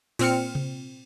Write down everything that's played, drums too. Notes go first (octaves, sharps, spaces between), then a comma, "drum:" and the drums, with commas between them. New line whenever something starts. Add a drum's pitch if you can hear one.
A#2 C4 F6 C#7, drum: cymbal
drum: tom C3